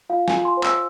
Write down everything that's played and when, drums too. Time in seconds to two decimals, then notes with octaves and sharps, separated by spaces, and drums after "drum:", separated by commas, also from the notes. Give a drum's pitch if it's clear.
0.09 F4 F5
0.28 G#5, drum: snare
0.33 F4
0.45 C6
0.57 C5
0.63 E6, drum: clap